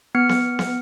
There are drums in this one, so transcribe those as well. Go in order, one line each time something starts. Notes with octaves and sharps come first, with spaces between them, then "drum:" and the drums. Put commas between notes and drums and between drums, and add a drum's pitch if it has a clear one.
B3 F6 C#7
drum: snare B3
drum: snare B3